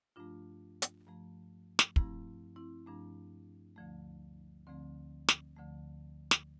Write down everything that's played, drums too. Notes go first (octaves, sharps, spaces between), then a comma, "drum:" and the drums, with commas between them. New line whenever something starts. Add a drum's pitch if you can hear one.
G2 F3 A3 D4 F4
drum: hi-hat
G2 F3 A3
drum: snare
G2 F3 A3 C4 E4, drum: kick
C4 E4
G2 F3 A3 D4
D2 D3 F3 A3
D2 D3 F3 A3 C4
drum: snare
D2 D3 F3 A3
drum: snare